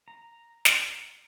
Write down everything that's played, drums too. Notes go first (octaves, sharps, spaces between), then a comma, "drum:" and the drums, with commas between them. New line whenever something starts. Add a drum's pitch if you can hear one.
A#5
drum: snare